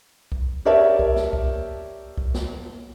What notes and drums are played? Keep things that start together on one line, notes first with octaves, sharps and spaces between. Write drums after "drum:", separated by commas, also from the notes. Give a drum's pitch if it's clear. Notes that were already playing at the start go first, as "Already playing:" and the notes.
drum: kick B1
G4 A#4 C#5 D5 E5 A5
drum: kick B1
drum: snare
drum: kick B1
drum: kick B1
drum: snare